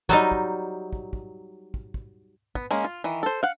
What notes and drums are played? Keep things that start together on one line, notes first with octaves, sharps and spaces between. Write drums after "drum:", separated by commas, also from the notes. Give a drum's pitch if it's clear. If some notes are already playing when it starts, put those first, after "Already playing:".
F#3 G3 D#4, drum: kick
drum: kick
drum: kick
drum: kick
drum: kick
drum: kick
B3, drum: kick
G#3 A#3 C#4
F4
D#3 E3
A4 C5
F5 F#5